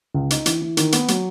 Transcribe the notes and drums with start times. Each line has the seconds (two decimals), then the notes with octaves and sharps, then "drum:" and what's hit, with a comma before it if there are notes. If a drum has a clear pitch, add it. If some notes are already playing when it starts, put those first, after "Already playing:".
0.14 C#2
0.30 D#4, drum: hi-hat
0.46 E3, drum: hi-hat
0.62 E3
0.77 D#3, drum: hi-hat
0.92 B3, drum: hi-hat
1.08 F#3, drum: hi-hat